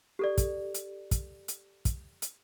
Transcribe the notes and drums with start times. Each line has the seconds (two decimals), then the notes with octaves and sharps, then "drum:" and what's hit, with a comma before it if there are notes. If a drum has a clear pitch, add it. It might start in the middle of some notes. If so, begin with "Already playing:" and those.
0.19 G4 A4 D5
0.38 drum: kick, hi-hat
0.75 drum: hi-hat
1.11 drum: kick, hi-hat
1.48 drum: hi-hat
1.85 drum: kick, hi-hat
2.22 drum: hi-hat